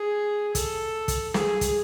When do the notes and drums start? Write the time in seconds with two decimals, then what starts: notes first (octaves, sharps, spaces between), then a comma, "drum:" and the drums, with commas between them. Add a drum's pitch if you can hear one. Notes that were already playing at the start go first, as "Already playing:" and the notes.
Already playing: G#4
0.55 A4, drum: kick, hi-hat
1.08 drum: kick, hi-hat
1.34 G#4, drum: snare
1.61 drum: kick, hi-hat